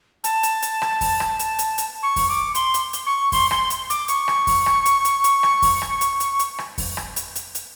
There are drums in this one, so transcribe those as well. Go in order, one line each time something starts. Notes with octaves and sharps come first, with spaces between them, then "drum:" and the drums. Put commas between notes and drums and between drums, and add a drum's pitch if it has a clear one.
A5, drum: hi-hat
drum: hi-hat
drum: hi-hat
drum: rim click
drum: kick F2, open hi-hat
drum: rim click
drum: hi-hat
drum: hi-hat
drum: hi-hat
C#6
drum: kick F2, open hi-hat
D6
C6, drum: hi-hat
drum: hi-hat
drum: hi-hat
C#6
C6, drum: kick F2, open hi-hat
C6, drum: rim click
drum: hi-hat
D6, drum: hi-hat
C#6, drum: hi-hat
drum: rim click
drum: kick F2, open hi-hat
drum: rim click
drum: hi-hat
drum: hi-hat
drum: hi-hat
drum: rim click
drum: kick F2, open hi-hat
drum: rim click
drum: hi-hat
drum: hi-hat
drum: hi-hat
drum: rim click
drum: kick F2, open hi-hat
drum: rim click
drum: hi-hat
drum: hi-hat
drum: hi-hat